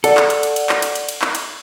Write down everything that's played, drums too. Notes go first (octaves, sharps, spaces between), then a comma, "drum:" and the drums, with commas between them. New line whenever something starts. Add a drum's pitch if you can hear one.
A4 D5 F#5, drum: cymbal
drum: clap
drum: cymbal
drum: cymbal
drum: cymbal
drum: clap
drum: cymbal
drum: cymbal
drum: cymbal
drum: clap
drum: cymbal